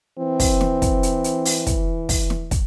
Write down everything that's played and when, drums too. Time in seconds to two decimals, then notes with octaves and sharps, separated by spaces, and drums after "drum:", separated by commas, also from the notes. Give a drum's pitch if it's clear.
0.18 E3 C4
0.40 drum: kick, open hi-hat
0.61 drum: snare
0.82 drum: kick, hi-hat
1.03 drum: hi-hat
1.24 drum: hi-hat
1.45 drum: open hi-hat
1.67 drum: kick, hi-hat
2.09 drum: kick, open hi-hat
2.30 drum: snare
2.51 drum: kick, hi-hat